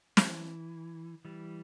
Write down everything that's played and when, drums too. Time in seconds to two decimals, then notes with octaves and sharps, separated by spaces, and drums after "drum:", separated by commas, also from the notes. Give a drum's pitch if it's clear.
0.17 E3, drum: snare
1.25 E3 G3